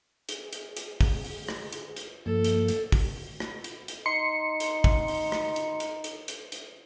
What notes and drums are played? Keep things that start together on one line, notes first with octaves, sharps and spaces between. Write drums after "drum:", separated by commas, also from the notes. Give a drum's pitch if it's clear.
G#4, drum: hi-hat
drum: hi-hat
drum: hi-hat
drum: kick, open hi-hat
drum: open hi-hat
drum: rim click
drum: hi-hat
drum: hi-hat
G2 F3 A#3 A4
drum: hi-hat
drum: hi-hat
drum: kick, open hi-hat
drum: rim click
drum: hi-hat
drum: hi-hat
D#4 C6 C#7
drum: hi-hat
drum: kick, open hi-hat
drum: open hi-hat
drum: rim click
drum: hi-hat
drum: hi-hat
drum: hi-hat
drum: hi-hat
drum: hi-hat